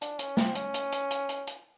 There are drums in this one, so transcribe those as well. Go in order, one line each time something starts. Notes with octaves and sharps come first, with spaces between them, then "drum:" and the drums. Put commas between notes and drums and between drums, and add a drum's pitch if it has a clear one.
D4, drum: hi-hat
C#4, drum: hi-hat
C4, drum: snare
C#4, drum: hi-hat
drum: hi-hat
drum: hi-hat
drum: hi-hat
drum: hi-hat
drum: hi-hat